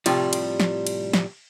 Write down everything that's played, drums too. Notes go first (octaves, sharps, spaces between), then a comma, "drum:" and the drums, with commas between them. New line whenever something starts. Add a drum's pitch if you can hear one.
A2 C3 F3 G3, drum: cymbal
drum: cymbal
drum: snare
drum: cymbal
drum: snare